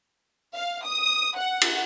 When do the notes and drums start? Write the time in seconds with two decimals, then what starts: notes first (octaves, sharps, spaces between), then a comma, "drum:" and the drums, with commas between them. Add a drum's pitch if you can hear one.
0.55 F5
0.85 D#6
1.37 F#5
1.61 drum: cymbal